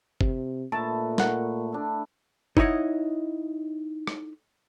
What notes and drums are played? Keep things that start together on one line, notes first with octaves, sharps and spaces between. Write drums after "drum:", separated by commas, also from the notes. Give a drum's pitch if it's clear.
C3, drum: kick F#1
A#2 A3 D#4 B4 A5
A#4 F#5, drum: snare
D4 E4
D#4 E4 C#5 D#5 F#5, drum: kick F#1
drum: rim click